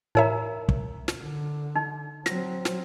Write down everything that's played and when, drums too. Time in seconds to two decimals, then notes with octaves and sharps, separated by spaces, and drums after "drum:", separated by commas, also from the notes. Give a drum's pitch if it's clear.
0.15 A2 D#4 A#4 C#5 E5 A#5
0.69 drum: kick
1.08 drum: snare
1.22 D3
1.76 D#4
2.26 F#3 C4 A#6, drum: snare
2.65 drum: snare